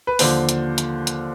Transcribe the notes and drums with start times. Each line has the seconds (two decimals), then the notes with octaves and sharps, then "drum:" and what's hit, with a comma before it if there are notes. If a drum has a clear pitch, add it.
0.07 B4
0.19 D#2 D3 F3 C5, drum: open hi-hat
0.49 drum: hi-hat
0.78 drum: hi-hat
1.07 drum: hi-hat